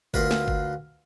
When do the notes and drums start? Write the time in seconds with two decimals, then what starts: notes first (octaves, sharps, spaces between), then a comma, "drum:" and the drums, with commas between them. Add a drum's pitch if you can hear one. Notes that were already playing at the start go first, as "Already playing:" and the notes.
0.14 D2 F4 A#4 B4, drum: kick G1
0.31 drum: snare
0.48 drum: kick G1